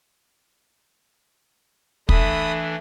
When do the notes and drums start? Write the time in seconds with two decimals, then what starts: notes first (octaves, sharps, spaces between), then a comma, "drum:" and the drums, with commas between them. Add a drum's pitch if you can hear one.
2.09 E3 A3 D4 B5 D#6, drum: kick